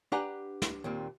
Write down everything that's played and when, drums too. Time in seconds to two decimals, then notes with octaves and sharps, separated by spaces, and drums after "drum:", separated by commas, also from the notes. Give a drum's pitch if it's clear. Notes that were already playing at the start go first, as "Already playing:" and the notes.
0.12 D4 G4 B4 F#5 G#5 A#5
0.62 drum: snare
0.84 D#2 A#2 C4